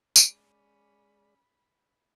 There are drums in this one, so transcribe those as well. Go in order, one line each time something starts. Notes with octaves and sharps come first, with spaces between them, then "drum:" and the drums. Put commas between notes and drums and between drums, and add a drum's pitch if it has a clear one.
G#3 C#4 D5 B5, drum: tambourine